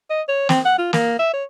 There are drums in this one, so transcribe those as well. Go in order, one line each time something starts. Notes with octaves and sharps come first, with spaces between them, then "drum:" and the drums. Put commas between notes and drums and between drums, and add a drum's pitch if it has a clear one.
D#5
C#5
C4, drum: snare
F#5
F4
A#3, drum: snare
E5
C#5